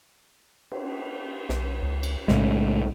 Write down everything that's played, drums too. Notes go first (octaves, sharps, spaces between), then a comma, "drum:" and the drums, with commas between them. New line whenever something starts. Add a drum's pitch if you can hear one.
drum: cymbal
B1, drum: snare
C#2
drum: cymbal
B1 A2 C#3 G#3, drum: snare